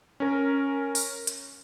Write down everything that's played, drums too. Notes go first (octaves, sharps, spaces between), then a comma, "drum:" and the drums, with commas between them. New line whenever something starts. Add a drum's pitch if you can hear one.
C#4 A#4
drum: open hi-hat
drum: hi-hat